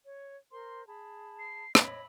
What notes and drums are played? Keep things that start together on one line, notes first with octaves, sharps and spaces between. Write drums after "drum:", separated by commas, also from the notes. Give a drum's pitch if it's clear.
C#5
A#4 C5 C6
G#4 A5 B5
C7
C#5 D#5 B5, drum: rim click